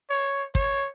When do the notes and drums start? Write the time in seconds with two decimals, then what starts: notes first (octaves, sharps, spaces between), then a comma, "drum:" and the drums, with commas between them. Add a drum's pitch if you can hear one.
0.10 C#5
0.55 C#5, drum: kick